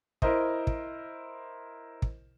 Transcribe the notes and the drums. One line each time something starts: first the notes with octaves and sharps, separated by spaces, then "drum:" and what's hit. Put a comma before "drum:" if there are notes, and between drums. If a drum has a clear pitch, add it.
E4 A#4 C5 D#5, drum: kick
drum: kick
drum: kick